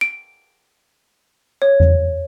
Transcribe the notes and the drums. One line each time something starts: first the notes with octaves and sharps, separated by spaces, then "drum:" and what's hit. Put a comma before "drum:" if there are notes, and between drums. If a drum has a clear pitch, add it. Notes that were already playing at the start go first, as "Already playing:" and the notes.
D7
C#5
drum: tom E2